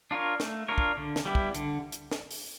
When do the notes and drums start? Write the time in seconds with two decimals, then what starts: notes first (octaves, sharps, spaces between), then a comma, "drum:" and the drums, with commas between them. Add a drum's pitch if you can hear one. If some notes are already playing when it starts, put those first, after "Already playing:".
0.11 D4 F4 A#4 C#5
0.40 A3, drum: snare
0.68 D4 F4 A#4 C#5
0.78 drum: kick
0.97 D3
1.16 drum: snare
1.25 G3 B3 E4 G4
1.35 drum: kick
1.55 D3, drum: hi-hat
1.92 drum: hi-hat
2.11 drum: snare
2.31 drum: open hi-hat